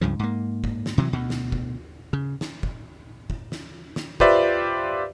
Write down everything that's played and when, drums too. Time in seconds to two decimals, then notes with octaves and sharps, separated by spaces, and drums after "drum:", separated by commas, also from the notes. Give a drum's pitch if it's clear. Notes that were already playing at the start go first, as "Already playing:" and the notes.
0.01 C#2 G2 C#3 F3
0.19 G#2 A#3
0.64 drum: kick
0.86 drum: snare
0.98 C3 E3 F#3
1.13 D2 B2
1.30 drum: snare
1.52 drum: kick
2.13 C#3
2.41 drum: snare
2.63 drum: kick
3.30 drum: kick
3.52 drum: snare
3.96 drum: snare
4.20 F4 G4 B4 C5 D5 E5, drum: kick